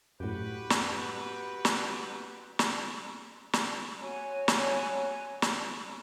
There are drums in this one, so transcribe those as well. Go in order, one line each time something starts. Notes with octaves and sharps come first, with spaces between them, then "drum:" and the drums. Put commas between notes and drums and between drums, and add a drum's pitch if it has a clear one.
F#2 A2 F#4 G4 B4
drum: snare
drum: snare
drum: snare
drum: snare
F#4 C#5 G#5
drum: snare
drum: snare